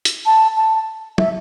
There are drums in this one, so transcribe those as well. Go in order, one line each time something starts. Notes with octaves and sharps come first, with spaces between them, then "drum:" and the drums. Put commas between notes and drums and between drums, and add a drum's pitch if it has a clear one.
drum: hi-hat
A5
A5
E5, drum: tom